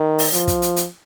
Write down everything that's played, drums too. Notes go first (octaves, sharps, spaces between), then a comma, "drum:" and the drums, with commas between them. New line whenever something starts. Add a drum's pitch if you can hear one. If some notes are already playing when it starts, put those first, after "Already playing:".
Already playing: D#3
drum: open hi-hat
F3, drum: hi-hat
drum: kick, hi-hat
drum: hi-hat
drum: hi-hat